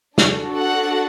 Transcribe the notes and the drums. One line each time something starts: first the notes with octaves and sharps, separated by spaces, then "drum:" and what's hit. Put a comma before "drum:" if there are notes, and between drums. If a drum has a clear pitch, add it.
D4 F#4 A4, drum: snare
F#5